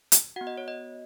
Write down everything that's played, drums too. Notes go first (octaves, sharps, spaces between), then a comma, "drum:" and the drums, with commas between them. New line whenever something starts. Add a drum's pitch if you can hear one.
drum: hi-hat
B3 F#4 F#5
D#5
C#5
D#5